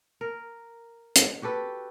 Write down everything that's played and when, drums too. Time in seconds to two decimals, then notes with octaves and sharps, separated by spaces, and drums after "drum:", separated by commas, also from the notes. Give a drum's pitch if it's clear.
0.21 A#4
1.16 drum: hi-hat
1.42 F#4 G4 A4 B4